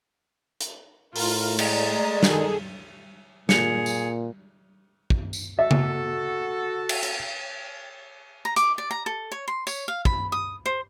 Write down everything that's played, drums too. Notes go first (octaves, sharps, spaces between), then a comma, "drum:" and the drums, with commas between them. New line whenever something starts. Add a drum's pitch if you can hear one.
drum: hi-hat
A2 F4 A#4, drum: open hi-hat
G#3 A3 D5 A#5, drum: cymbal
D#3 G#4 A4, drum: snare
A#2 G#4 C#7 F7, drum: snare
drum: tambourine
drum: kick
drum: tambourine
F#4 A4 E5
drum: tom C#3
drum: cymbal
drum: hi-hat
A#5
D6, drum: hi-hat
D5
A#5
A4
C#5
C6
C#5, drum: tambourine
F5
B5, drum: kick
D#6
C5